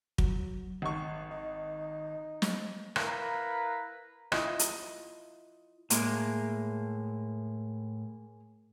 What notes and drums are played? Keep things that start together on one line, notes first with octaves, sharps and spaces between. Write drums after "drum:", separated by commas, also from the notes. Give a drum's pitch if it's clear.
F#3, drum: kick
G#1 F#5 C#6
D#4
drum: snare
E4 A#4 B4 F5 A#5, drum: rim click
E4 F4 D#5, drum: rim click
drum: hi-hat
A2 G#3 A#3, drum: hi-hat